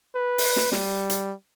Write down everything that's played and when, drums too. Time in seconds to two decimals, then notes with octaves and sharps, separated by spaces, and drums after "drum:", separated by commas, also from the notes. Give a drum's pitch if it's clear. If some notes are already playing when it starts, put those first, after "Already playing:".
0.16 B4
0.38 drum: open hi-hat
0.56 drum: snare
0.72 G3, drum: snare
1.10 drum: hi-hat